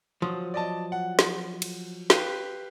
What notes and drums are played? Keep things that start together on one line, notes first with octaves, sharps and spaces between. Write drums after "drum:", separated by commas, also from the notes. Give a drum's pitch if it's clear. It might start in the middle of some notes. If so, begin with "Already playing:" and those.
F3 F#3 D#6
D5 D#5 A5
F#5
drum: snare
drum: cymbal
G4 B4 F5, drum: snare